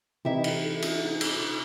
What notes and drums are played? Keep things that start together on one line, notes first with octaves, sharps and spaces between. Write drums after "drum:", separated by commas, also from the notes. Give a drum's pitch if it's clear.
C3 E3 D#4 E4 G4 E5
drum: cymbal
drum: cymbal
drum: cymbal